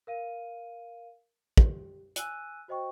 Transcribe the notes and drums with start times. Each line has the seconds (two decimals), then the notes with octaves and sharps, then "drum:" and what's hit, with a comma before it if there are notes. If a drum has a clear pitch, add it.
0.07 A#4 F5 D#7
1.57 G4, drum: kick
2.16 G#5 E6 F#6 D#7, drum: hi-hat
2.68 F#4 C5 D#5 G5 C#6